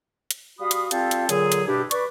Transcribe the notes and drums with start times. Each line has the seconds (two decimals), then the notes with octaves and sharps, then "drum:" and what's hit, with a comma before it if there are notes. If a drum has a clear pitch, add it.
0.31 drum: hi-hat
0.59 G3 F#4 F5 B5 D#6
0.71 drum: hi-hat
0.91 G3 C4 F4 G4 A4 F5, drum: hi-hat
1.11 drum: hi-hat
1.29 A#2 D3 F#3 G#4, drum: hi-hat
1.52 drum: hi-hat
1.67 G2 B2 D4 E4 G4
1.91 B4 D5 C#6, drum: hi-hat